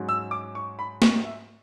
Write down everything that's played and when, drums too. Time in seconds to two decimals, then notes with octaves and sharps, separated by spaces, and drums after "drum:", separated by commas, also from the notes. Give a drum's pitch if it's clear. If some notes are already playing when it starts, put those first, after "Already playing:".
Already playing: G#2 F#3 C#4
0.09 E6
0.31 D6
0.55 C#6
0.79 B5
1.02 C#6, drum: snare
1.25 E5